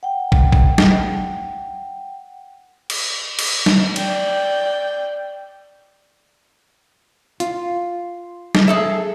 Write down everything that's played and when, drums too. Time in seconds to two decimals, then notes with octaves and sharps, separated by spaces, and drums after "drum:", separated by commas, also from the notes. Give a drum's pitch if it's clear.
0.03 F#5 G5
0.32 drum: kick
0.52 drum: kick
0.78 drum: snare
2.90 drum: cymbal
3.39 drum: cymbal
3.66 drum: snare
3.96 D5 G5, drum: cymbal
7.40 F4, drum: hi-hat
8.55 drum: snare
8.68 G#4 A4 E5